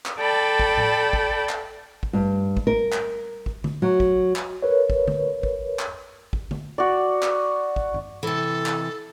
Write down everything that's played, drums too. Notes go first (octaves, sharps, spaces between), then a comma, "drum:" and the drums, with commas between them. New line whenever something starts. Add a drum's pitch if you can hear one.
drum: clap
A4 D5 G5 A5 B5
drum: kick
drum: tom A2
drum: kick
drum: clap
drum: kick
G2
drum: kick
A#4
drum: clap
drum: kick
drum: tom D3
F#3
drum: kick
drum: clap
A#4 B4 C#5
drum: kick
drum: tom D3
drum: kick
drum: clap
drum: kick
drum: tom D3
F#4 D5
drum: clap
drum: kick
drum: tom G2
C3 E3 A4
drum: clap